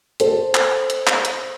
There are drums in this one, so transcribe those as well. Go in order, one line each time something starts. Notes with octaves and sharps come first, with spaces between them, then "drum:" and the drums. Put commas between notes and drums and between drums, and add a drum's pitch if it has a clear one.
A4 C5, drum: hi-hat
drum: clap
drum: hi-hat
drum: clap
drum: hi-hat